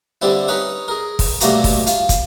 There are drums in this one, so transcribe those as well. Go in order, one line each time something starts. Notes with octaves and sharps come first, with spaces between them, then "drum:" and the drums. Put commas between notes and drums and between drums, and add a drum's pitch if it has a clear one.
G2 D3 G3 C4 E4
C#4 D#4 B4 C#5
G#4 A#4
drum: kick, open hi-hat
B1 G3 A3 A#3 F#4 A#5, drum: hi-hat
drum: kick, open hi-hat
F4, drum: hi-hat
drum: kick, hi-hat